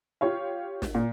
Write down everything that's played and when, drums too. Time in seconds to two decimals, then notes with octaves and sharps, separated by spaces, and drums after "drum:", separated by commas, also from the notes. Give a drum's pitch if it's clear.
0.21 F4 G4 C#5 F5
0.82 drum: snare
0.95 A#2